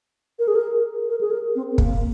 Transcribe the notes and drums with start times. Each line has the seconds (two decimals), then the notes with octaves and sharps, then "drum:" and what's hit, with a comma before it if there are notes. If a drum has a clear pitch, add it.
0.39 A#4
0.48 G#4
0.55 A#4
1.09 A#4
1.21 G#4
1.31 A#4
1.55 C4
1.71 C4
1.78 A#3, drum: kick